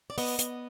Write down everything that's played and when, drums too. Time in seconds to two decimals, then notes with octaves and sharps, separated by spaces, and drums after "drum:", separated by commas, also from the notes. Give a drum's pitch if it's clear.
0.10 D5
0.18 B3 D#5, drum: open hi-hat
0.39 B3, drum: hi-hat